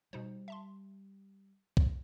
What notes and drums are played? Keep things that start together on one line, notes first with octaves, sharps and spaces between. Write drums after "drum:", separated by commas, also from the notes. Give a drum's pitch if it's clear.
B2 G3 D#4 C5
E5 A5 C6
drum: kick